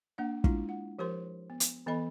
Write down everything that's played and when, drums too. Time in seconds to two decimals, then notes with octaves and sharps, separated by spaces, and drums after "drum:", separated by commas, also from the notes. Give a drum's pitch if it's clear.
0.18 A#3 D4 F#5
0.44 G#3 D4 E4 F4, drum: kick
0.69 F#5
0.99 F3 G4 A#4 C5 C6
1.50 B3
1.60 drum: hi-hat
1.86 E3 B3 A4 D#5 B5